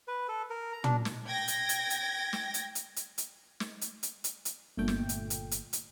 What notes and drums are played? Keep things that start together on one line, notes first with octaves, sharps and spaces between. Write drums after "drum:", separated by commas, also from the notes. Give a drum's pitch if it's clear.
B4
A4
A#4
A#5
D4, drum: tom
drum: snare
G5 G#6 A#6
drum: hi-hat
drum: hi-hat
drum: hi-hat
drum: snare
drum: hi-hat
drum: hi-hat
drum: hi-hat
drum: hi-hat
drum: snare
drum: hi-hat
drum: hi-hat
drum: hi-hat
drum: hi-hat
G1 A#2 A3 G5
drum: snare
drum: hi-hat
drum: hi-hat
drum: hi-hat
drum: hi-hat